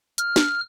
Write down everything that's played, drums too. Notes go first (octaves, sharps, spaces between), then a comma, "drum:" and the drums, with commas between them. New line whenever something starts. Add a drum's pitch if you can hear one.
F6, drum: hi-hat
drum: snare